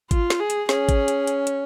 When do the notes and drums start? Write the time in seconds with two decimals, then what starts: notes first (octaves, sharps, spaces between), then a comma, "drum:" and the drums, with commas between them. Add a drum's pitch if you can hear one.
0.11 F4, drum: kick G#1, hi-hat
0.30 drum: snare
0.40 G#4
0.50 drum: hi-hat
0.69 C#4 G#4, drum: snare
0.89 drum: kick G#1, hi-hat
1.08 drum: hi-hat
1.27 drum: hi-hat
1.47 drum: hi-hat